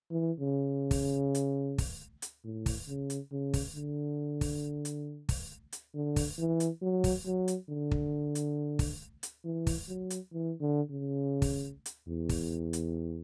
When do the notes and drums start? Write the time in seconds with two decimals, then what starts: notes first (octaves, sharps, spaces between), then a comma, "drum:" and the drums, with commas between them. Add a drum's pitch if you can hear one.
0.11 E3
0.40 C#3
0.91 drum: kick, open hi-hat
1.35 drum: hi-hat
1.78 drum: kick, open hi-hat
2.22 drum: hi-hat
2.44 A2
2.66 drum: kick, open hi-hat
2.88 C#3
3.10 drum: hi-hat
3.32 C#3
3.54 drum: kick, open hi-hat
3.76 D3
4.41 drum: kick, open hi-hat
4.85 drum: hi-hat
5.29 drum: kick, open hi-hat
5.72 drum: hi-hat
5.94 D3
6.16 drum: kick, open hi-hat
6.38 E3
6.60 drum: hi-hat
6.82 F#3
7.04 drum: kick, open hi-hat
7.26 F#3
7.48 drum: hi-hat
7.69 D3
7.91 drum: kick
8.35 drum: hi-hat
8.79 drum: kick, open hi-hat
9.23 drum: hi-hat
9.45 E3
9.67 drum: kick, open hi-hat
9.88 F#3
10.10 drum: hi-hat
10.33 E3
10.61 D3
10.91 C#3
11.42 drum: kick, open hi-hat
11.86 drum: hi-hat
12.08 E2
12.29 drum: kick, open hi-hat
12.73 drum: hi-hat